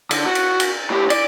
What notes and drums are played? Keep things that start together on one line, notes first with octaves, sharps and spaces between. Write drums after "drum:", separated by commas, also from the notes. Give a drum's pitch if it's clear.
D3, drum: cymbal
F#4
drum: cymbal
drum: cymbal
A2 G4
D5, drum: cymbal